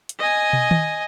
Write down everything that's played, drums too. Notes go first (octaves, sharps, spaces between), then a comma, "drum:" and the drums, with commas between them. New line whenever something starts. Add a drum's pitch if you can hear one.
drum: hi-hat
D#5 G#5
drum: tom
drum: tom D#3